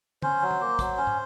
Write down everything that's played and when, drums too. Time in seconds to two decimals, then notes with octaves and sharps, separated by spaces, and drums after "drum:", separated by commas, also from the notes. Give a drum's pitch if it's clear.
0.22 C#4 C5, drum: tom
0.42 F#3
0.51 drum: tom
0.60 A#3
0.79 F#3, drum: kick, hi-hat
0.97 C#4
1.07 drum: tom